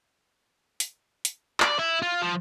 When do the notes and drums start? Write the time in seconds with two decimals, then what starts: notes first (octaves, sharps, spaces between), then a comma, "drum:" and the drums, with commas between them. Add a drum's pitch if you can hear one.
0.80 drum: hi-hat
1.25 drum: hi-hat
1.60 D5, drum: clap
1.79 E4
2.02 F4
2.22 F3